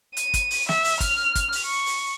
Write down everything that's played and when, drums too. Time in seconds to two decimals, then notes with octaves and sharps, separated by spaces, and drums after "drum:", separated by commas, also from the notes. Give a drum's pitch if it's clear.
0.17 D#7, drum: hi-hat
0.34 drum: kick, hi-hat
0.51 drum: open hi-hat
0.69 E5, drum: snare
0.85 drum: open hi-hat
1.00 F6, drum: kick, hi-hat
1.35 drum: kick, hi-hat
1.52 drum: open hi-hat
1.65 C#6
1.86 drum: open hi-hat